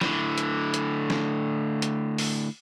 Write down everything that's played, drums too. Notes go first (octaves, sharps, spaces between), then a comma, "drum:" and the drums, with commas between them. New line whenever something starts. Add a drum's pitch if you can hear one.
A2 D3, drum: snare
drum: hi-hat
drum: hi-hat
drum: snare
drum: hi-hat
drum: open hi-hat